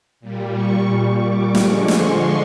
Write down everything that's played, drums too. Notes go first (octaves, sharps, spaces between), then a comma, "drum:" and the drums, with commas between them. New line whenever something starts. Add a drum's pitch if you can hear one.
A#2 G3
C#6
C#6
D6
D3 F3 G#3 C#6, drum: snare
C6, drum: snare